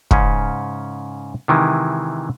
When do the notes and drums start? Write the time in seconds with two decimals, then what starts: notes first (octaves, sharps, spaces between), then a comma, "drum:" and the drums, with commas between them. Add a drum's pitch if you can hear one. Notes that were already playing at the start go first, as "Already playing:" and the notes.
0.11 G#2 C#3 C#4, drum: kick
1.48 C3 D#3 E3 G#3